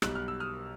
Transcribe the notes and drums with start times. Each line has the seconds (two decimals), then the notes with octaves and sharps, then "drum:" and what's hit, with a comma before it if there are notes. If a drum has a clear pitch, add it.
0.02 B1 B2 G3 F#6, drum: rim click
0.15 F6
0.28 E6
0.40 D#6 F6